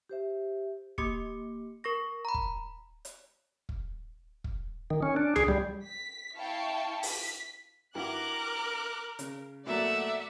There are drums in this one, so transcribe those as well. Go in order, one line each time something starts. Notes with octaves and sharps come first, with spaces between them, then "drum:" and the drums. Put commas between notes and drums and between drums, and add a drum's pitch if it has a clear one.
G4 C5 E5
A#3 G4 D6 C#7, drum: kick
A#4 C#6 A#6
A#5 B5
drum: kick
drum: hi-hat
drum: kick
drum: kick
D#3
C#4
D4
G#4, drum: tom C#2
G3
B6
E4 F5 G5 A5 C#6
B6, drum: open hi-hat
G2 E4 F#4 A#4 A#5 D6 F#6
C#3, drum: hi-hat
B2 F#3 A3 A#3 D5 E5 F#5